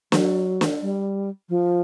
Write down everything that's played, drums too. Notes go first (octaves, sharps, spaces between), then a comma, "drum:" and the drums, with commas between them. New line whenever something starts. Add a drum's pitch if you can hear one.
F#3, drum: snare
drum: snare
G3
F3